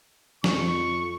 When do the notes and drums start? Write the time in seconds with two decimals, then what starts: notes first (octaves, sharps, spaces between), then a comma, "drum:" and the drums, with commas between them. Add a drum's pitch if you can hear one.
0.44 F2 C#6, drum: snare